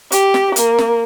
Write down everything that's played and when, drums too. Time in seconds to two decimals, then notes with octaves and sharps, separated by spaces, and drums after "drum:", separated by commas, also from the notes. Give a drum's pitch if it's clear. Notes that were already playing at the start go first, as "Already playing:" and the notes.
0.12 G4, drum: hi-hat
0.34 drum: snare
0.56 A#3, drum: hi-hat
0.79 drum: snare